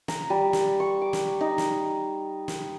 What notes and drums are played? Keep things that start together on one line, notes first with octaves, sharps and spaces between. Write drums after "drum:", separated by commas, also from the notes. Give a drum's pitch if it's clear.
A#5, drum: snare
G3
drum: snare
C#6
D6
drum: snare
D#4
drum: snare
drum: snare